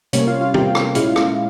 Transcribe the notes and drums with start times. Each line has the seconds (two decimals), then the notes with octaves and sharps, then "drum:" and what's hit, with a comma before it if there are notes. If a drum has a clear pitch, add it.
0.13 C3 G3 A#3 C#4 C#5, drum: hi-hat
0.27 F4 F5
0.41 F4 F5
0.54 C3 G3 A#3 G4 G5, drum: tom
0.75 drum: rim click
0.95 A#2 G#3 C#4 E4 F4 F5, drum: hi-hat
1.16 drum: rim click